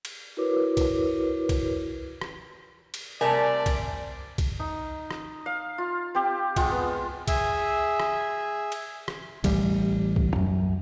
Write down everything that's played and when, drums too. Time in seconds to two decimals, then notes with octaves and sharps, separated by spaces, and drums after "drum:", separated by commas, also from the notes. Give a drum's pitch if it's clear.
0.05 drum: cymbal
0.37 E4 F#4 A#4 B4 C#5 D6
0.77 drum: kick B1, cymbal
1.49 drum: kick B1, cymbal
2.21 drum: rim click
2.94 drum: cymbal
3.21 C3 G3 A3 A#4 D5 G#5
3.66 drum: kick B1, cymbal
4.38 drum: kick B1, cymbal
4.59 D#4
5.11 drum: rim click
5.46 F5
5.78 F4
6.15 C4 G4
6.56 G#3 F4 F#5, drum: kick B1, cymbal
6.71 B3
7.28 G#4 E5, drum: kick B1, cymbal
8.00 drum: rim click
8.72 drum: cymbal
9.08 drum: rim click
9.44 A1 G3, drum: kick B1, cymbal
10.16 drum: kick B1
10.36 F#2